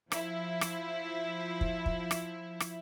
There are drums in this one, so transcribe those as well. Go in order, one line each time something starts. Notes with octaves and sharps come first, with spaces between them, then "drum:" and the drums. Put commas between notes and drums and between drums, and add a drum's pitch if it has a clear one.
F3 E4, drum: rim click
drum: rim click
drum: kick
drum: kick
drum: rim click
drum: rim click